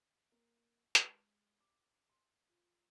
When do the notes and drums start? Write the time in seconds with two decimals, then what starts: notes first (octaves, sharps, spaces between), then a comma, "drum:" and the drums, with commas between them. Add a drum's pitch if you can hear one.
0.32 A#3
0.95 G#3, drum: hi-hat
1.61 D6
2.10 C6
2.49 F4